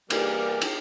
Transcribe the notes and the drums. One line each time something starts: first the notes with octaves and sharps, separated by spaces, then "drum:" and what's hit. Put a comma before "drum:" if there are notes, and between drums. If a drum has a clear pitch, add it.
E3 G3 A#3 G4 G#4 A#4 D5, drum: cymbal
drum: cymbal